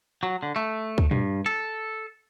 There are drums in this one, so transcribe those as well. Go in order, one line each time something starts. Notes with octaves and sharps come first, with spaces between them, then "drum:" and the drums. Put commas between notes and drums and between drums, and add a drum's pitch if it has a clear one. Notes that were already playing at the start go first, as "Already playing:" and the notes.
F#3
D3
A3
drum: kick C#2
G2, drum: tom A#2
A4